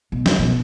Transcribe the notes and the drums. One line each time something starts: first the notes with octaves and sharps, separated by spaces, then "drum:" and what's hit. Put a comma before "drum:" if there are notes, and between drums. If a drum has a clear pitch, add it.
B2
C#3, drum: snare
B2